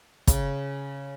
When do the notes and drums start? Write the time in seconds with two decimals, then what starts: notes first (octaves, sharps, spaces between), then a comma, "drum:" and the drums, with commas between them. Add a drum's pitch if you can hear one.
0.27 C#3, drum: kick, hi-hat